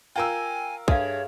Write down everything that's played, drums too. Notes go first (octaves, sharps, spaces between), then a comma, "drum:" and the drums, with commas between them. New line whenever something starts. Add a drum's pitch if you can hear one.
F4 A#4 G5 G#5 E6
G2 G#4 A4 C#5 E5 F5, drum: kick